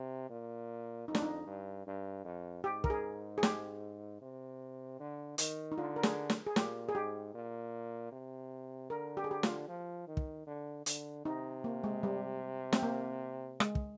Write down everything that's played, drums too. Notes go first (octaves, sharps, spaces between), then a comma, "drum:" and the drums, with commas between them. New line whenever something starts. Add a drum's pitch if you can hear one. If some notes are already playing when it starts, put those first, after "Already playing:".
Already playing: C3
A#2
F2 D#4
D4, drum: snare
D#4
G2
G2
F2
G#2 G4
A#4, drum: kick
G#4
G#4
G4, drum: snare
C3
D3
D#3, drum: hi-hat
D#4
D3 F4
A#4
G#4, drum: snare
drum: snare
G#4
A#2 G4, drum: snare
G#4
G#2 G4
A#2
C3
D3 A#4
G4
G#4
G4
F4, drum: snare
F3
D#3
drum: kick
D3
D3, drum: hi-hat
C3 D#4
A#3
G#3
G3
C4, drum: snare
A#3
G#3, drum: rim click
drum: kick